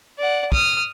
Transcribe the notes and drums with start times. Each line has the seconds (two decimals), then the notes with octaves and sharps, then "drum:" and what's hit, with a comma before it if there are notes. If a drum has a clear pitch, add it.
0.18 D5 F#5
0.52 D#6 F6, drum: kick